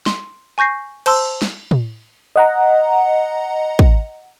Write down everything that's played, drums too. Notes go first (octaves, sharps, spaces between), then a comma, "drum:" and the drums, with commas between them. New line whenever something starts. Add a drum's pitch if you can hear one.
C6, drum: snare
G#5 C#6 G6 A#6 C7
C5 A5 C6 E6, drum: cymbal
drum: snare
drum: tom
D#5 F#5 A#5
drum: kick